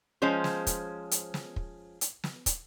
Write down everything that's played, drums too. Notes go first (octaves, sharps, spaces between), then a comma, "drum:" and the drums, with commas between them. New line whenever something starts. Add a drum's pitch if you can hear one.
F3 G#3 C#4 C5
drum: snare
drum: kick, hi-hat
drum: hi-hat
drum: snare
drum: kick
drum: hi-hat
drum: snare
drum: kick, hi-hat